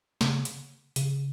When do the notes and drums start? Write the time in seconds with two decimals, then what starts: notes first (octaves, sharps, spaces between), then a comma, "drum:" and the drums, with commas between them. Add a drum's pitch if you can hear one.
0.21 C#3, drum: snare
0.45 drum: hi-hat
0.96 C#3, drum: hi-hat